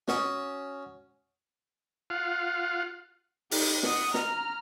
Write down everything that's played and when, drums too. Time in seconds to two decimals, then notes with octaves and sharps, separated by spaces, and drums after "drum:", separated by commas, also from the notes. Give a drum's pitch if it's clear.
0.08 C#4 F#4 D#6, drum: snare
2.10 F4 F5 F#5
3.51 D#4 G4, drum: open hi-hat
3.83 F#5 D#6, drum: snare
4.14 A#5 F6, drum: snare